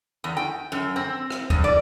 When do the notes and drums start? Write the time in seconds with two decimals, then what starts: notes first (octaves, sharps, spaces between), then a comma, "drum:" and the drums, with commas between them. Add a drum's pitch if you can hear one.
0.24 E2
0.37 G5
0.72 F#2
0.96 C4
1.30 drum: rim click
1.50 E2, drum: kick D2
1.64 D5